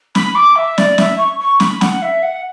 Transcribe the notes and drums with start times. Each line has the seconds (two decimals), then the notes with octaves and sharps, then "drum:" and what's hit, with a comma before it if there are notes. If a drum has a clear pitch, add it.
0.15 B5, drum: snare
0.35 D6
0.56 E5
0.78 D5, drum: snare
0.98 E5, drum: snare
1.18 C#6
1.40 C#6
1.60 B5, drum: snare
1.81 F#5, drum: snare
2.02 E5
2.23 F#5